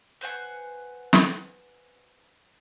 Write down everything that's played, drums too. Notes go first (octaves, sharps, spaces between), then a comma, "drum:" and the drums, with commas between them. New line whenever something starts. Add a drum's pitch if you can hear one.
B4 C5 F#5 G#5
drum: snare